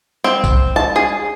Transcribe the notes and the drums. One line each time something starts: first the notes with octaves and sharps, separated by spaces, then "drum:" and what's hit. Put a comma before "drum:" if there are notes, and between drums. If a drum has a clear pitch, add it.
C4
drum: kick B1, tambourine
A5
G#4